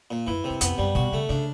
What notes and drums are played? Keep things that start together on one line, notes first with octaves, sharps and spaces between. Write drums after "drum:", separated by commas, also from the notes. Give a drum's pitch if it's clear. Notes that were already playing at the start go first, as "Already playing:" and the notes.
A#2
F#2 E3
C3
F#2
F2 B3, drum: hi-hat
F#2 G3
B2 F#4, drum: kick
C#3 A3
C#3 D4